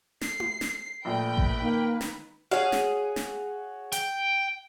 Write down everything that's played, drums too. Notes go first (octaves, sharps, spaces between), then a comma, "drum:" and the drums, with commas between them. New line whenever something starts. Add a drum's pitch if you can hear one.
C7, drum: snare
drum: tom E4
drum: snare
A#1 A#2 A3 B4 G5
drum: kick A1
D#3 A#3
drum: snare
F#4 G#4 C#5 F5
drum: snare
drum: snare
G5, drum: hi-hat